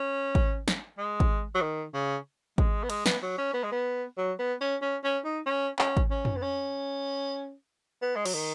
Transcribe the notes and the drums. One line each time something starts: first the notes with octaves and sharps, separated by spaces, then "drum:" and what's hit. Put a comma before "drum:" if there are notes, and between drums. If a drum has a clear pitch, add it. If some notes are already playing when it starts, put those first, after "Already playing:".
Already playing: C#4
drum: kick G#1
drum: snare
G#3
drum: kick G#1
F#3
D#3
C#3
G#3, drum: kick G#1
B3
G#3, drum: cymbal
B3, drum: snare
F#3
C#4
B3
G#3
B3
F#3
B3
C#4
C#4
C#4
D#4
C#4
C#4, drum: clap
drum: kick G#1
C#4
drum: tom
B3
C#4
B3
G#3
F#3, drum: cymbal
D#3